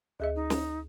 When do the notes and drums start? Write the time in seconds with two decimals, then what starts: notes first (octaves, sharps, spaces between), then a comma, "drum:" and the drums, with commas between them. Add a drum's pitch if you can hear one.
0.20 D2 G#4 D#5 E5
0.35 D#4
0.50 drum: snare